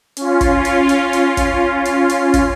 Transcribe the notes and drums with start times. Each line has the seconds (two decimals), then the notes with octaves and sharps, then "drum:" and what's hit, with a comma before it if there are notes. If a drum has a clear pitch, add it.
0.17 C#4 F4, drum: hi-hat
0.41 drum: kick, hi-hat
0.65 drum: hi-hat
0.89 drum: hi-hat
1.13 drum: hi-hat
1.37 drum: kick, hi-hat
1.85 drum: hi-hat
2.09 drum: hi-hat
2.34 drum: kick, hi-hat